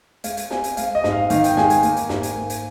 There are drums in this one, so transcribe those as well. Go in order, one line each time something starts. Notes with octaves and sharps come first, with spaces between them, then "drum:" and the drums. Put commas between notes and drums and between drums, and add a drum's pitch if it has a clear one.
G#3 F5, drum: hi-hat
drum: hi-hat
C4 G#5, drum: snare
drum: hi-hat
G#3 F5, drum: hi-hat
D#5
G#2, drum: snare
F5
D#3 F5, drum: hi-hat
G5, drum: hi-hat
G#3 G#5, drum: snare
G#5, drum: hi-hat
A#3, drum: hi-hat
drum: hi-hat
G#2, drum: snare
drum: hi-hat
A#3
drum: hi-hat